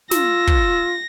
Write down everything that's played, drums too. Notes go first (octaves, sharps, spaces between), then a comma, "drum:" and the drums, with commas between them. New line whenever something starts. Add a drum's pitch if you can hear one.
F4 E6 A#6, drum: snare
drum: kick